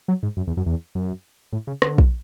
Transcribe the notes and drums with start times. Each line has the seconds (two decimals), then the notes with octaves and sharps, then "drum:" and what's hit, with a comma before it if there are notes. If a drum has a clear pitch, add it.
0.08 F#3
0.23 G#2
0.37 F#2
0.47 E2
0.57 F#2
0.66 E2
0.95 F#2
1.52 A2
1.67 C#3
1.82 D3, drum: rim click
1.98 drum: kick A#1